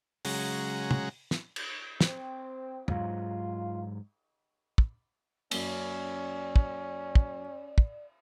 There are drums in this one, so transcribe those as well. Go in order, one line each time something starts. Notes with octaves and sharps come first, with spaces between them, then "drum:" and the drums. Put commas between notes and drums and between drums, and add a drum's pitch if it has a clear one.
C#3 F#3 G#3 F#5 A#5, drum: open hi-hat
drum: tom
drum: snare
drum: cymbal
C4, drum: snare
G#2 F#3 F4, drum: tom
drum: kick
F#2 A#3 C#4 D5, drum: cymbal
drum: kick
drum: kick
drum: kick